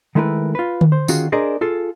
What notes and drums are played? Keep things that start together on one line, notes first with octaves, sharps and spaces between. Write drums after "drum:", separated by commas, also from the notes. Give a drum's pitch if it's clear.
D#3 G#3 A3 E4 A#4 B4
F4 B4
drum: tom D3
C5
D#3 C#4 F4 F#4 G#4, drum: tambourine
D4 G#4 A#4 C5 D5 D#5
F4 G#4 A4